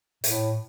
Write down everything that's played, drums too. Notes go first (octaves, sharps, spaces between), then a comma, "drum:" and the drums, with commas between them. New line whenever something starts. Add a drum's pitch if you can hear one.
A2, drum: hi-hat